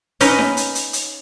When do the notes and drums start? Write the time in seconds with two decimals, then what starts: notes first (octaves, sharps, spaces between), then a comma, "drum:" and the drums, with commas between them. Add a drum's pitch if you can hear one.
0.21 C#4 D#4 B4 D#5, drum: hi-hat
0.39 drum: snare D#4
0.57 drum: hi-hat
0.75 drum: hi-hat
0.93 drum: hi-hat